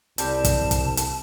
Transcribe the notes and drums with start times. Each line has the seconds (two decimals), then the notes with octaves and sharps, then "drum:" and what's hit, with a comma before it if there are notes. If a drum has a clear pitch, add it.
0.18 C2 G3 C4 A5, drum: hi-hat
0.44 drum: kick, hi-hat
0.71 drum: kick, hi-hat
0.97 drum: hi-hat